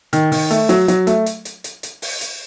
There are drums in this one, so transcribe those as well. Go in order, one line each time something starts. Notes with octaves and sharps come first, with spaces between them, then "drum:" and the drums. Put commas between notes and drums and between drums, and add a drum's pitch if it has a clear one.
D#3, drum: hi-hat
D#3, drum: open hi-hat
A3, drum: hi-hat
F#3, drum: hi-hat
F#3, drum: hi-hat
A3, drum: hi-hat
drum: hi-hat
drum: hi-hat
drum: hi-hat
drum: hi-hat
drum: open hi-hat
drum: hi-hat